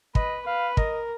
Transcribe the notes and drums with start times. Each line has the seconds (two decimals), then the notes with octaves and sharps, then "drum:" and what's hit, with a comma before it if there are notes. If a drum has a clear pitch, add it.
0.15 B4 D#5, drum: kick
0.46 B4 F5
0.77 A#4 D#5, drum: kick